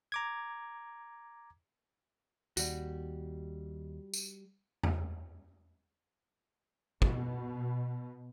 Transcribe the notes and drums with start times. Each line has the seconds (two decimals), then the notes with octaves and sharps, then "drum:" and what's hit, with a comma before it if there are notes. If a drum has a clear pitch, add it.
0.12 A#5 D6 G#6
2.57 D#2 G3 F#4, drum: tambourine
4.14 drum: tambourine
4.83 drum: tom E2
7.02 B2, drum: kick